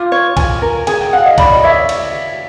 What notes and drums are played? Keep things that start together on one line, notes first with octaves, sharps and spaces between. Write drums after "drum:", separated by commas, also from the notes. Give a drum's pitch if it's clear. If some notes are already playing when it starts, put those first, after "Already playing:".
Already playing: F4 D6
C#5
F4 G#5, drum: kick, cymbal
A#4
G#4 G#5, drum: cymbal
G5
F5 F#5
D#5
D5 B5, drum: kick, cymbal
D#5
C#5 E5
drum: cymbal